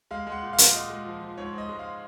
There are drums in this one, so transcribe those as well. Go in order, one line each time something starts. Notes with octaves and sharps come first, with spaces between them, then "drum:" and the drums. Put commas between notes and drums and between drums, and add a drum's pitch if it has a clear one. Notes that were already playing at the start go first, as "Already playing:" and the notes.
G#3 F5
G#3
F#5
A#2
F5
A#2, drum: hi-hat
A#2 D#5
G#3
F3
F3
G#2 C#5
G#2
D#5
G#3
F5